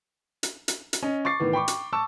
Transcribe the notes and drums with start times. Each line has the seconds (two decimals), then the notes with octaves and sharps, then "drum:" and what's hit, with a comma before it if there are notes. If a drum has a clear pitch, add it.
0.43 drum: hi-hat
0.68 drum: hi-hat
0.93 drum: hi-hat
1.03 C#4 D#5
1.25 C#6 D6 A6 C7
1.40 A2 D#3 E3 B3
1.53 G5 B5 C#6 D6
1.68 drum: hi-hat
1.93 A5 C#6 D6 E6